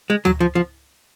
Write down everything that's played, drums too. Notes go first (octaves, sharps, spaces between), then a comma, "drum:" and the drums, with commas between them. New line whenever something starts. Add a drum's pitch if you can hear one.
G#3
F#3, drum: tom D2
F3
F3